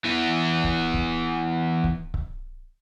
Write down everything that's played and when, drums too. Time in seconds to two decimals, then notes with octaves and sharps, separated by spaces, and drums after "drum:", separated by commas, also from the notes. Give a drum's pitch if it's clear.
0.04 E3 B3
0.64 drum: kick C#1
0.94 drum: kick C#1
1.84 drum: kick C#1
2.14 drum: kick C#1